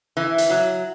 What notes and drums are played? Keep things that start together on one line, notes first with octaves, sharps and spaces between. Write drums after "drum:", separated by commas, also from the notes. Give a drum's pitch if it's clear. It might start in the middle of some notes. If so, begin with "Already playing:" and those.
E3
drum: hi-hat
F#3